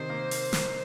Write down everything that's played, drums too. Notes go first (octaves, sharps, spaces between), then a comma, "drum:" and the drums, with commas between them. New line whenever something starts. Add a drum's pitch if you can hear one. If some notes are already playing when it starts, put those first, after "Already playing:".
Already playing: C3 D#3 D#4 C5
A#3
drum: open hi-hat
drum: snare